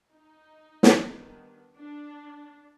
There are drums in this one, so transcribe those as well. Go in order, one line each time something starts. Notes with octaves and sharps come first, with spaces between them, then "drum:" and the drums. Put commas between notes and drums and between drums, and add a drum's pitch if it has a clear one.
D#4
drum: snare
D#3 G3 B3 D4
D4